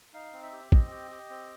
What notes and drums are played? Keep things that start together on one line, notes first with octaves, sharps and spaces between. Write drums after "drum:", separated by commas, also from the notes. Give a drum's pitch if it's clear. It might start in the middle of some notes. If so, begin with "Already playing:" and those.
D#4 F5
C4
E5
G4
C4 D#5, drum: kick
G4
G4
C4